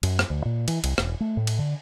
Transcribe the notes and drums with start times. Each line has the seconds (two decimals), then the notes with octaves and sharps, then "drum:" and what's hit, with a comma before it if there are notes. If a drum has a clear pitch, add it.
0.03 F#2, drum: cymbal
0.19 drum: rim click
0.30 D2
0.45 A#2
0.68 E3, drum: cymbal
0.84 C2, drum: cymbal
0.98 E1, drum: rim click
1.20 A3
1.37 A2
1.47 drum: cymbal
1.59 D3